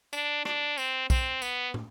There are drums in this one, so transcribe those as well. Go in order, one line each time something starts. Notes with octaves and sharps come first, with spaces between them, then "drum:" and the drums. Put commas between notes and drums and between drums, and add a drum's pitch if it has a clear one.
D4, drum: tambourine
D4, drum: rim click
C4, drum: tambourine
C4, drum: kick B1, tambourine
B3, drum: tambourine
drum: tom